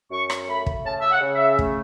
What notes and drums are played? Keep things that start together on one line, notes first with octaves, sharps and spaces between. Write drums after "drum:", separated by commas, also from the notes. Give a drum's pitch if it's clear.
F#2 C#6
drum: rim click
A3 B5
drum: kick
C#3 A5
E5
F#5
C#3
E5
A3, drum: kick